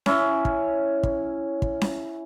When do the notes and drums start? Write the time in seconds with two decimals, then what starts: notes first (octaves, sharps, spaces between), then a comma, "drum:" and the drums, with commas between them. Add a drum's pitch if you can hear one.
0.06 C#4 E4, drum: snare C#4
0.45 drum: kick
1.03 drum: kick
1.62 drum: kick
1.81 drum: snare C#4